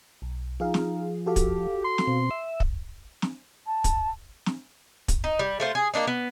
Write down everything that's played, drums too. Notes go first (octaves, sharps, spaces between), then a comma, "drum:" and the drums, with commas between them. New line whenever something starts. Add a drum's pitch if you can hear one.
B1
F3 D#4 F4 G#4 F5
drum: snare
F#4 G4 A4 F5
drum: kick, hi-hat
C6
drum: snare
B2 C4
E5
drum: kick
drum: snare
A5
drum: kick, hi-hat
drum: snare
drum: kick, hi-hat
D#4
G3
A3 F4 C5
G#4
A#3 C4 D4 D#4
B3